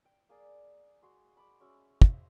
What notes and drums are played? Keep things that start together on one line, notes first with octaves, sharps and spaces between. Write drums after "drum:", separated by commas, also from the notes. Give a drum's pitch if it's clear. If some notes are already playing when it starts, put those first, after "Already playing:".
G5
A#3 G#4 D5
G#3 F#4 C6
B5 D6
G#3 C#4 F#4 E5
C5, drum: kick